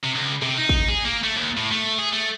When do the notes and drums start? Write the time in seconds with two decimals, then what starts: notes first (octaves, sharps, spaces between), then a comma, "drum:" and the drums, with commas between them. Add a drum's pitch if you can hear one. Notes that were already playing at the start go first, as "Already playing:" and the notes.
0.04 C3
0.15 C#2
0.42 C3, drum: rim click
0.57 D#4
0.69 drum: kick
0.88 G#4
1.05 A#3
1.24 A3
1.36 D#2
1.57 A2
1.72 A3
1.99 G#4
2.13 A3